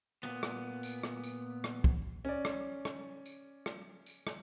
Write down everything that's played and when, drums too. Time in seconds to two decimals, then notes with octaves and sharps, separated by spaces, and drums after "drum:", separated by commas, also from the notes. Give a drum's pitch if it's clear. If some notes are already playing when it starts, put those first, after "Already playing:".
0.23 A#2 B3
0.43 drum: rim click
0.83 drum: tambourine
1.03 drum: rim click
1.24 drum: tambourine
1.64 drum: rim click
1.84 drum: kick
2.25 C#4 D5
2.45 drum: rim click
2.85 drum: rim click
3.26 drum: tambourine
3.66 drum: rim click
4.06 drum: tambourine
4.27 drum: rim click